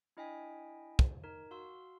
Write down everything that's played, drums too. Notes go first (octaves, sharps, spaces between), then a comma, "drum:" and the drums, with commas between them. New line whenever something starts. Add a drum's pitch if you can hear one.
D4 E4 D#5 G5 G#5 B6
drum: kick
D#4 A#4
F#4 F5 C6 E6